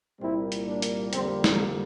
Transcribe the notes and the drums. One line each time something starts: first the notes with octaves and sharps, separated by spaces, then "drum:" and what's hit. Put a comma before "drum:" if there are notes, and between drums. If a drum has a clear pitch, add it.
C2 A#2 G3 A#3 C4 E4
drum: hi-hat
D4
drum: hi-hat
F2 D3 G3 A#3 C4, drum: hi-hat
C4, drum: snare